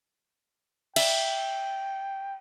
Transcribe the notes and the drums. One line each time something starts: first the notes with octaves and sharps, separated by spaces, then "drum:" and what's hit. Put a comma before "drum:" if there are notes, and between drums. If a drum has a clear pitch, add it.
E5 G5, drum: cymbal